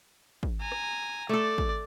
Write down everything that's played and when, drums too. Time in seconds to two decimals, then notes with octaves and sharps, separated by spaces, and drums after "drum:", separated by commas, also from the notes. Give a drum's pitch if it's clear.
0.43 drum: kick
0.61 G#5 A#5
0.72 drum: rim click
1.29 A3 A4 D5
1.58 drum: kick